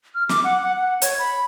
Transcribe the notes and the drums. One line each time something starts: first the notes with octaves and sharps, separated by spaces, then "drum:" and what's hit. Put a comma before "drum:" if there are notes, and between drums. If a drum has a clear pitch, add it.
F6
D6, drum: snare
F#5
F#5
F#5
C#5, drum: hi-hat
B5